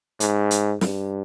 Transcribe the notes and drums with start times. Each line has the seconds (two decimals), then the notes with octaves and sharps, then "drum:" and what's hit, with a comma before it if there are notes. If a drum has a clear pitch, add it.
0.20 G#2, drum: hi-hat
0.51 drum: hi-hat
0.81 G2, drum: snare